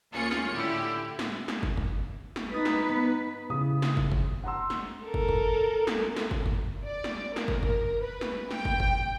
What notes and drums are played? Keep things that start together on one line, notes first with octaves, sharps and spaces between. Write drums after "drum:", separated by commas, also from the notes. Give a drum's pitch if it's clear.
D2 A#3 C#4 F4 G#4 C#7
drum: snare
A2 D3 E4 G4
drum: snare
drum: snare
drum: kick
drum: kick
drum: snare
D#4 B4 D#5 D#6 A6
drum: snare
B3
C#3 E4 D#6
drum: snare
drum: kick
drum: kick
F#5 A5 A#5 C6 E6
drum: snare
A4 A#4
drum: kick
drum: kick
drum: snare
drum: snare
drum: kick
drum: kick
D5
drum: snare
A#4, drum: snare
drum: kick
drum: kick
B4
drum: snare
G5, drum: snare
drum: kick
drum: kick